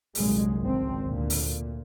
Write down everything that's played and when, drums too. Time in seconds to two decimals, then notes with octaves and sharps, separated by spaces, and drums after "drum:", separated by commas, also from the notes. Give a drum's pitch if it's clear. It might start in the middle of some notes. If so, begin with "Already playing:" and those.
0.15 G1 C2 A#2 F#3 G#3, drum: open hi-hat
0.60 G#1 C#2 C4
1.03 D2 A#2
1.30 drum: open hi-hat